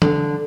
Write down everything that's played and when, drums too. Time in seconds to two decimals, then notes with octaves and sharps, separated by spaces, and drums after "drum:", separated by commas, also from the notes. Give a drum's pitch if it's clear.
0.02 D3, drum: tom E3